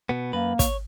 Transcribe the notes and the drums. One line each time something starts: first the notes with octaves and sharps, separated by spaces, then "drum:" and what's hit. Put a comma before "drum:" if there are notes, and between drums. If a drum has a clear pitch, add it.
B2 B3
F#2 A#3 B4
C#5, drum: kick, hi-hat